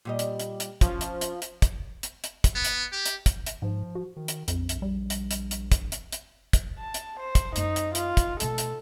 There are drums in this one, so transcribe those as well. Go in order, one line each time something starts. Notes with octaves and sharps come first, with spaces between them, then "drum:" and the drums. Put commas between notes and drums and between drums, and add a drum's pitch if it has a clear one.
A#2 G3 D#5
drum: hi-hat
drum: hi-hat
drum: hi-hat
F3 C#4, drum: kick, hi-hat
drum: hi-hat
drum: hi-hat
drum: hi-hat
drum: kick, hi-hat
drum: hi-hat
drum: hi-hat
drum: kick, hi-hat
B3
drum: hi-hat
G4
drum: hi-hat
drum: kick, hi-hat
drum: hi-hat
G#2 F3
F#4
D#3
drum: hi-hat
A#1 F2, drum: hi-hat
drum: hi-hat
G3
drum: hi-hat
drum: hi-hat
drum: hi-hat
drum: kick, hi-hat
drum: hi-hat
drum: hi-hat
drum: kick, hi-hat
A5
drum: hi-hat
C5
drum: kick, hi-hat
F#2 G#3 D#4, drum: hi-hat
drum: hi-hat
F4, drum: hi-hat
drum: kick, hi-hat
B2 A3 A4, drum: hi-hat
drum: hi-hat